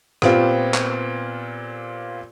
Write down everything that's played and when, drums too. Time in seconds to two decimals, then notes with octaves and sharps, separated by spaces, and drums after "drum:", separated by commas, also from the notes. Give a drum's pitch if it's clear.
0.22 A#2 B3 C4 F4 G4, drum: rim click
0.74 drum: clap